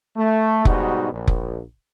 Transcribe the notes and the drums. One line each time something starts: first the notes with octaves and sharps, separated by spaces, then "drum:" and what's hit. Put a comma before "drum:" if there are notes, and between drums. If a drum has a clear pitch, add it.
A3
G#2 B2 G3 D#4 F#4, drum: kick F1
A#1
drum: kick F1